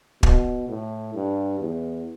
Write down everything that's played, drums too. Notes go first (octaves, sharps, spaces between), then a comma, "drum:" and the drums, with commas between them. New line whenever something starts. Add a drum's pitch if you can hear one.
B2, drum: kick
A2
G2
E2